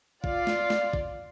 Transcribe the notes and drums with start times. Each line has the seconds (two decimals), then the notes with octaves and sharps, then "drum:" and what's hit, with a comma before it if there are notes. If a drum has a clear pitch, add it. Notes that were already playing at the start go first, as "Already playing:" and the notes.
0.24 F4 D5 F5, drum: kick
0.47 drum: snare
0.70 drum: snare
0.93 drum: kick